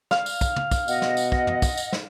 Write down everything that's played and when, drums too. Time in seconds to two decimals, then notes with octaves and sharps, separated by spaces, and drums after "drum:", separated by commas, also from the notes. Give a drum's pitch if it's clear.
0.11 F5, drum: snare
0.26 drum: tambourine
0.41 drum: kick, tambourine
0.56 drum: tom
0.71 drum: kick, tambourine
0.88 B2 D#5 F#5, drum: tambourine
1.02 drum: snare
1.17 drum: tambourine
1.32 drum: kick
1.47 drum: tom
1.62 drum: kick, tambourine
1.77 drum: tambourine
1.93 drum: snare